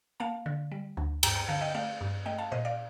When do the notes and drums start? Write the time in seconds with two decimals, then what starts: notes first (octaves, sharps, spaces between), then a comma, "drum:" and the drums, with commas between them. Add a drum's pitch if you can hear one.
0.20 A#3 F5 A5
0.46 D3
0.72 G3
0.97 D2
1.23 G2 G5 A#5, drum: cymbal
1.35 G5 A#5
1.48 D3 F5 A5
1.61 D#5 G5
1.74 A3 D5 F5
2.01 G2
2.26 A3 D#5 G5
2.38 F5 A5
2.52 A#2 C5 D#5
2.65 D5 F5